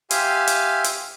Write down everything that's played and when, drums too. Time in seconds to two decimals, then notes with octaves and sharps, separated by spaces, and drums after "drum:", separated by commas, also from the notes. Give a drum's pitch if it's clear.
0.11 G4 E5 F5 G#5 C6, drum: hi-hat
0.47 drum: hi-hat
0.84 drum: hi-hat